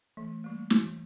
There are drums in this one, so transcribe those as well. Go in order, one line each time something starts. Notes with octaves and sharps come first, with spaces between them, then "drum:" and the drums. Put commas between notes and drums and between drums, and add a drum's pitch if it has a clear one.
E3 A3
G3 A#3
E3, drum: snare